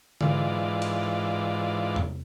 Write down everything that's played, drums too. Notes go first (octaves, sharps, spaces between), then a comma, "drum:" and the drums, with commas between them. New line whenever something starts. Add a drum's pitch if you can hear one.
G#2 E3 F4 D5, drum: tom D3
drum: cymbal
drum: tom E2